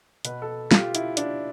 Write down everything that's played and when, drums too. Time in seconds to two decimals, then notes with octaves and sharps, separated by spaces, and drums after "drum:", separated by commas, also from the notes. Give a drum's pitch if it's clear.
0.25 B2 B4, drum: hi-hat
0.42 A4
0.71 F4, drum: snare
0.77 G4
0.95 E4, drum: hi-hat
1.17 D4, drum: hi-hat